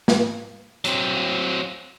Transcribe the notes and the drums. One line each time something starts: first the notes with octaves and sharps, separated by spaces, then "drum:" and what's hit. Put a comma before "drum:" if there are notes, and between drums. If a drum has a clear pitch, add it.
drum: snare
F#3 C4, drum: hi-hat